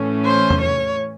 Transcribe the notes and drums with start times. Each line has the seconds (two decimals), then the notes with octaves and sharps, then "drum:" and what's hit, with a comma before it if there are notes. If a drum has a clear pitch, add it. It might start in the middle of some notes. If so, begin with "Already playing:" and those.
Already playing: A2 E3 A3 C#4
0.25 C5
0.50 drum: tom E2
0.61 C#5